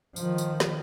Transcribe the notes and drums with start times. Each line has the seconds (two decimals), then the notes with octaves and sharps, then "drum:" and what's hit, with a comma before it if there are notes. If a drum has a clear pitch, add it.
0.16 D#3 F3, drum: tambourine
0.38 drum: tambourine
0.60 drum: snare